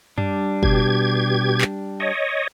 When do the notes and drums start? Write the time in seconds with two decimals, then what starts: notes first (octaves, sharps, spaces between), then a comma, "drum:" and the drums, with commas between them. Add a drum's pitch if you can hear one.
0.18 G3 D4, drum: tom F#2
0.63 B2 G4 G#6, drum: kick F#1
1.61 drum: clap
2.00 C#5 D#5